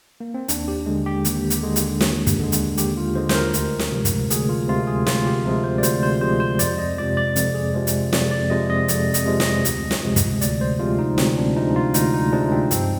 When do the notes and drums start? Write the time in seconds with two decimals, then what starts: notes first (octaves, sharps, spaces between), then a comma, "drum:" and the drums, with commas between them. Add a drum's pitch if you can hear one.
0.20 A#3
0.34 C4
0.48 D#2 D4, drum: hi-hat
0.68 G4
0.86 D3 G#3
1.06 G4
1.25 D#2, drum: hi-hat
1.50 drum: hi-hat
1.62 D3 G#3
1.76 drum: hi-hat
2.01 D#2, drum: snare
2.27 drum: kick, hi-hat
2.40 D3 G#3
2.52 drum: hi-hat
2.77 D#2 G4, drum: hi-hat
2.97 F4
3.15 D3 G#3 C5
3.29 C5, drum: snare
3.35 A#4
3.54 D2, drum: hi-hat
3.79 drum: snare
3.92 C3 F3 G#3
4.05 drum: kick, hi-hat
4.30 D2 G#4, drum: hi-hat
4.49 F4
4.68 C3 F3 G#3 F4
4.87 G#4
5.06 D2 F4, drum: snare
5.26 G4
5.45 C3 F3 G#3
5.64 C5
5.78 D5
5.83 D2 C5, drum: hi-hat
6.03 C5
6.21 C3 F3 G#3 C5
6.40 C5
6.59 F2 D5, drum: hi-hat
6.78 D#5
6.98 C3 F3 G#3 D5
7.17 D5
7.36 F2, drum: hi-hat
7.55 G#4
7.74 C3 F3 G#3
7.87 drum: hi-hat
8.13 F2 D5, drum: snare
8.31 D5
8.50 C3 F3 G#3 D#5
8.70 D#5
8.88 F2 D5, drum: hi-hat
9.14 D#5, drum: hi-hat
9.26 C3 F3 G#3
9.40 D#5, drum: snare
9.65 D2, drum: hi-hat
9.91 drum: snare
10.04 C3 F3 G#3
10.16 drum: kick, hi-hat
10.41 D2 D5, drum: hi-hat
10.61 C5
10.79 C3 F3 G#3 F4
10.99 D#4
11.18 D2 C4, drum: snare
11.37 D4
11.56 C3 F3 G#3 D#4
11.76 F4
11.94 D2 D#4, drum: hi-hat
12.14 D#4
12.32 C3 F3 G#3 D4
12.52 C4
12.71 G2 C4, drum: hi-hat